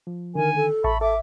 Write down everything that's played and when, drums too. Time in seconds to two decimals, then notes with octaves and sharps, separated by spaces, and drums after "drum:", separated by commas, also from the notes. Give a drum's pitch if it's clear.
0.07 F3
0.35 D3 D#3 A#4 G#5
0.56 A4
0.84 E5 A5 B5 C#6, drum: kick A1
1.01 A4 E5 D6